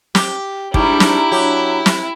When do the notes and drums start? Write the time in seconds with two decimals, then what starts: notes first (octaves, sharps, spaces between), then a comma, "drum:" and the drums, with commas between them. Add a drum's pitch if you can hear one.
0.15 G4, drum: snare
0.74 G#2 G3 D4 E4 G4 A#5, drum: kick
1.00 drum: snare
1.32 F#3 G4
1.86 drum: snare